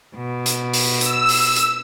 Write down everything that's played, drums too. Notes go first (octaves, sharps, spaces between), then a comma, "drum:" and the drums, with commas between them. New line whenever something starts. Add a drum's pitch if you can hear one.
B2
drum: hi-hat
drum: open hi-hat
E6, drum: hi-hat
drum: open hi-hat
drum: hi-hat